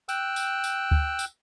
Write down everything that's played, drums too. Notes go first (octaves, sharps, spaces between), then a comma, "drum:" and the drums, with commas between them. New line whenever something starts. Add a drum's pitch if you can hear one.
G5 E6 F#6, drum: tambourine
drum: tambourine
drum: tambourine
drum: kick D2
drum: tambourine